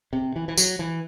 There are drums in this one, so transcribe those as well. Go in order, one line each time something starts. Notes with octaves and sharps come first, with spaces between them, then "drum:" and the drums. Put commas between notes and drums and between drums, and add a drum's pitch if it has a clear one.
C3
E3
E3
F#3, drum: tambourine
E3